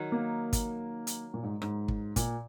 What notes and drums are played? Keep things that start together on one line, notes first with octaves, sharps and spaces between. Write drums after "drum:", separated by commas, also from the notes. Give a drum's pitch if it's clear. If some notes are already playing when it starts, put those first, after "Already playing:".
Already playing: D#3 F#3 D#4
A#3
drum: kick, hi-hat
drum: hi-hat
A#2
G#2
G#2, drum: rim click
drum: kick
A#2, drum: kick, hi-hat